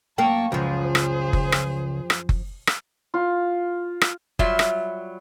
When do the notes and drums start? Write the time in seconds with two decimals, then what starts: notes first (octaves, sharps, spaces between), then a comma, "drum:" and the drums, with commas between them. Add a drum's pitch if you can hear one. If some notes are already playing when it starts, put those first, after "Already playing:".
0.18 F#2 A#3 F5 G5 A5 C#6
0.52 C#2 F#2 F3 G#4 C5
0.95 drum: rim click
1.33 drum: kick F#1
1.52 drum: rim click
2.10 drum: rim click
2.29 drum: kick F#1
2.67 drum: rim click
3.14 F4
4.01 drum: rim click
4.39 F#3 G3 F4 E5, drum: kick F#1
4.59 drum: rim click